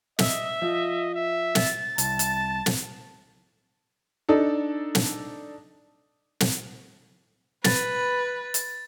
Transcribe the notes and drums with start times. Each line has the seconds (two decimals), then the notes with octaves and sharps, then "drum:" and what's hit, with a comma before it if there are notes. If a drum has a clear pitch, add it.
0.19 D#5 E5, drum: snare
0.62 F3 D#5
1.15 E5
1.55 A6, drum: snare
1.98 C2 A5, drum: hi-hat
2.19 drum: hi-hat
2.66 drum: snare
4.29 D4 D#4 A4
4.95 drum: snare
6.40 drum: snare
7.64 B4 A6, drum: snare
8.54 drum: hi-hat